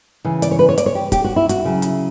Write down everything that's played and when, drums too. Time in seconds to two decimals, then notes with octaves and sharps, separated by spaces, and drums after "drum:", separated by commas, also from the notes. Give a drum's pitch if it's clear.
0.25 C#3 E3
0.42 D5, drum: hi-hat
0.51 C#5
0.59 B4
0.69 C#5
0.78 D5, drum: hi-hat
0.86 C#5
0.95 G4
1.12 G4, drum: kick, hi-hat
1.24 F#4
1.36 E4
1.49 F#4, drum: hi-hat
1.65 C#3 F#3 E4
1.82 drum: hi-hat